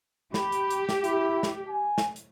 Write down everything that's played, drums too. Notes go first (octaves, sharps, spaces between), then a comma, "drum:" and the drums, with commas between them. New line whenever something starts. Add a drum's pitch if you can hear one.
G4 B5, drum: snare
drum: hi-hat
drum: hi-hat
drum: snare
E4, drum: hi-hat
drum: snare
G#5
drum: snare
drum: hi-hat